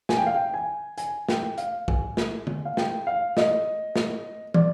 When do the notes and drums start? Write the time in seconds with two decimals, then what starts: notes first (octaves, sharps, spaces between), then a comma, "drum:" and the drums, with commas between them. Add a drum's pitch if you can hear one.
0.09 G#5, drum: snare
0.17 G5
0.27 F5
0.35 G5
0.54 G#5
0.98 G#5, drum: hi-hat
1.29 G5, drum: snare
1.58 F5, drum: hi-hat
1.88 G#5, drum: kick
2.17 drum: snare
2.47 drum: tom
2.65 F5
2.77 G5, drum: snare
3.07 F5
3.37 D#5, drum: snare
3.96 drum: snare
4.54 D5, drum: tom